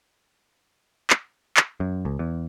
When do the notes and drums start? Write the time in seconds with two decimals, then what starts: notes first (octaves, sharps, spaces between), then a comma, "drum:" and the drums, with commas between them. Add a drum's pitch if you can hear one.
1.10 drum: clap
1.57 drum: clap
1.80 F#2
2.05 C#2
2.19 E2